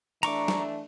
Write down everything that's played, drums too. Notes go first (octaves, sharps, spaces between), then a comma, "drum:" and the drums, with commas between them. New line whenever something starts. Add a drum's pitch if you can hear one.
E3 A3 D4 A#5 C#6 D6, drum: cymbal
drum: snare